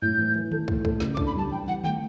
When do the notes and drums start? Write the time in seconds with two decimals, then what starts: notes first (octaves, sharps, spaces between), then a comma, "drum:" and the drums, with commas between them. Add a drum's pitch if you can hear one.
0.01 A2 G6
0.18 E3
0.35 E3
0.52 A4, drum: tom D3
0.68 A2, drum: kick
0.85 A4, drum: kick
1.00 C#3, drum: snare
1.14 D6
1.17 D4, drum: kick
1.26 B5
1.34 G3 A5
1.50 E3 G5
1.67 E3 F#5
1.84 A3 G5, drum: tom D3